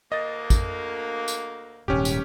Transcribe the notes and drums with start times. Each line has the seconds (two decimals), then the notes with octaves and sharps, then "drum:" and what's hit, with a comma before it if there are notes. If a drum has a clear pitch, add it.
0.12 D2 A#3 D#5 A6
0.50 drum: kick, tambourine
1.28 drum: tambourine
1.88 D#1 G#2 C#4 G4
2.05 drum: tambourine